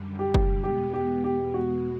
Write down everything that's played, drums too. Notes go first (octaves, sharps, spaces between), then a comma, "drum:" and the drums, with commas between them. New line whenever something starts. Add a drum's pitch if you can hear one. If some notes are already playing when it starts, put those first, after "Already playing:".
Already playing: F#2 D3 G3
G4
drum: kick
E2 B2 G#3 B3 G4
G4
G4
F#4